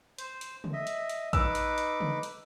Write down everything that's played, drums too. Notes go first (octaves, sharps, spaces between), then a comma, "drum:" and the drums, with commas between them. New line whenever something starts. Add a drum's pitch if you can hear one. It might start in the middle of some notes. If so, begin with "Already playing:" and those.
C5, drum: hi-hat
drum: hi-hat
drum: tom C#3
D#5 E5
drum: hi-hat
drum: hi-hat
D#4 B4 D6 E6, drum: kick A1, hi-hat
drum: hi-hat
drum: hi-hat
drum: tom C#3
drum: hi-hat